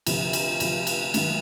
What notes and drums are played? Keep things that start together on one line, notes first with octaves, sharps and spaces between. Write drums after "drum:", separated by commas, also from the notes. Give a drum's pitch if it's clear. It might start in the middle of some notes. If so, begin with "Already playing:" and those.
D2 C3 F3, drum: cymbal
drum: cymbal
D2 C3 F3, drum: cymbal
drum: cymbal
G#2 D#3 F#3, drum: cymbal